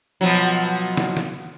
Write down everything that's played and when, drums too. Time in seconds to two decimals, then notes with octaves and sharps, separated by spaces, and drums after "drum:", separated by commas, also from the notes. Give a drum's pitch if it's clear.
0.21 B2 F3 F#3
0.97 drum: snare
1.17 drum: snare